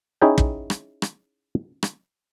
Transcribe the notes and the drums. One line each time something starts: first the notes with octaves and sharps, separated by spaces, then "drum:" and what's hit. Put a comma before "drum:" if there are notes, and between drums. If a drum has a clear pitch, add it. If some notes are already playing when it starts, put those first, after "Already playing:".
C#4 D#4 E4 G#4 E5 G5
drum: kick
drum: rim click
drum: rim click
drum: rim click